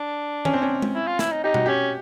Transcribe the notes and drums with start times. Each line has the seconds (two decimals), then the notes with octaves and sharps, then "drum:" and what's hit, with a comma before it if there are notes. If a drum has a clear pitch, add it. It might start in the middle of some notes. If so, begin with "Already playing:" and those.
Already playing: D4
0.45 C#4, drum: tom D#3
0.53 C4
0.62 C#4
0.82 drum: tom G#3
0.94 E4
1.07 F4
1.19 E4, drum: snare
1.31 D#4
1.44 D#4 G4
1.54 F#4, drum: tom B2
1.66 C#4 G4